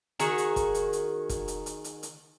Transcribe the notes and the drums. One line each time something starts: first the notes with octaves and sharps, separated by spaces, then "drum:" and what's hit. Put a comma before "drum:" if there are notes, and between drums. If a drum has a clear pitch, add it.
D#3 F#4 G#4, drum: hi-hat
drum: hi-hat
drum: kick, hi-hat
drum: hi-hat
drum: hi-hat
drum: kick, hi-hat
drum: hi-hat
drum: hi-hat
drum: hi-hat
drum: hi-hat